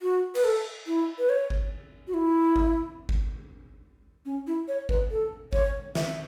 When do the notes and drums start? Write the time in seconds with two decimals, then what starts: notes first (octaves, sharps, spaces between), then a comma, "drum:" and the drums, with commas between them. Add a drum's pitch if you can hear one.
0.02 F#4
0.35 B4, drum: cymbal
0.44 A4
0.87 E4
1.19 B4
1.29 C#5
1.50 drum: kick G#1
2.07 F#4
2.14 E4
2.56 drum: kick G#1
3.09 drum: kick G#1
4.25 C#4
4.47 E4
4.68 C#5
4.89 B4, drum: kick G#1
5.11 A4
5.53 C#5, drum: kick G#1
5.95 E5, drum: snare